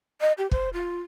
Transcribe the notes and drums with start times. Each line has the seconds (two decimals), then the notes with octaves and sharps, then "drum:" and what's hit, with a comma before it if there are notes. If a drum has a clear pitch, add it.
0.21 D#5
0.38 G4
0.51 C5, drum: kick
0.73 F4